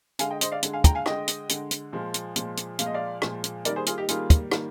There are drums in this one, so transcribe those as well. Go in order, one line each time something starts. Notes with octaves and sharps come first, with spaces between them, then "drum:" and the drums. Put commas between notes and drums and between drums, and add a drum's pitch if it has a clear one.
D3 G#3 F5 G#5, drum: hi-hat
D#5 G5
C5 D#5, drum: hi-hat
D5 F5
D3 G#3, drum: hi-hat
F5 G#5
G5 A#5, drum: kick, hi-hat
F5 G#5
D3 G#3 D#5 G5, drum: rim click
drum: hi-hat
D3 G#3, drum: hi-hat
drum: hi-hat
A#2 F3 G#3
drum: hi-hat
A#2 F3 G#3, drum: hi-hat
drum: hi-hat
A#2 F3 G#3 F5, drum: hi-hat
D#5
D5 F5
A#2 F3 G#3, drum: rim click
drum: hi-hat
D#3 G3 A#3 A#4 D5, drum: hi-hat
G#4 C5
F4 G#4, drum: hi-hat
D#4 G4
D#3 G3 A#3 F4 G#4, drum: hi-hat
drum: kick, hi-hat
D#3 G3 A#3, drum: rim click